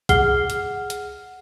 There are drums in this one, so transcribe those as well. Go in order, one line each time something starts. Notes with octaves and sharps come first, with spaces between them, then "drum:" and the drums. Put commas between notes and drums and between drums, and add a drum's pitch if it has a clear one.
G#4 F#5 F6 C7 G7, drum: kick, hi-hat
drum: hi-hat
drum: hi-hat